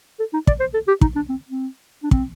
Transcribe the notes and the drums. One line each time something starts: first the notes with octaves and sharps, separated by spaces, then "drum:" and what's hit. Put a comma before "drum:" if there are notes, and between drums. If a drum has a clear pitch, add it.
A4
D#4
D5, drum: kick
C5
A4
G4
D#4, drum: kick
D4
C4
C4
D4
C4, drum: kick